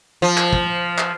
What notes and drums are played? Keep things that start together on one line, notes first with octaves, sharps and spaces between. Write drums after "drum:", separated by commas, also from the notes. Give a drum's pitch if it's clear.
F3
drum: clap
drum: kick
drum: clap